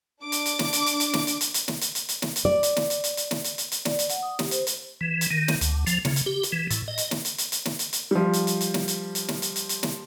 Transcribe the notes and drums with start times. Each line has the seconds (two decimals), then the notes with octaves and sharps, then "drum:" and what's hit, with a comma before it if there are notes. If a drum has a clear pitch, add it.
0.22 D4 D6
0.32 drum: hi-hat
0.46 drum: hi-hat
0.59 drum: snare
0.73 drum: hi-hat
0.86 drum: hi-hat
1.00 drum: hi-hat
1.13 drum: snare
1.27 drum: hi-hat
1.41 drum: hi-hat
1.54 drum: hi-hat
1.68 drum: snare
1.81 drum: hi-hat
1.95 drum: hi-hat
2.09 drum: hi-hat
2.22 drum: snare
2.36 drum: hi-hat
2.45 D5
2.63 drum: hi-hat
2.76 drum: snare
2.90 drum: hi-hat
3.04 drum: hi-hat
3.17 drum: hi-hat
3.31 drum: snare
3.44 drum: hi-hat
3.58 drum: hi-hat
3.72 drum: hi-hat
3.85 D5, drum: snare
3.99 drum: hi-hat
4.09 F#5, drum: hi-hat
4.23 D#6
4.39 G4, drum: snare
4.51 C5, drum: hi-hat
4.67 drum: hi-hat
5.01 E3
5.21 drum: hi-hat
5.31 D#3
5.48 drum: snare
5.61 D2, drum: hi-hat
5.87 F3, drum: hi-hat
6.05 C#3, drum: snare
6.16 drum: hi-hat
6.26 G4
6.43 drum: hi-hat
6.52 E3
6.70 A2, drum: hi-hat
6.88 D#5
6.98 drum: hi-hat
7.11 drum: snare
7.25 drum: hi-hat
7.38 drum: hi-hat
7.52 drum: hi-hat
7.65 drum: snare
7.79 drum: hi-hat
7.93 drum: hi-hat
8.11 F3 G3
8.33 drum: hi-hat
8.47 drum: hi-hat
8.61 drum: hi-hat
8.74 drum: snare
8.88 drum: hi-hat
9.15 drum: hi-hat
9.28 drum: snare
9.42 drum: hi-hat
9.56 drum: hi-hat
9.69 drum: hi-hat
9.83 drum: snare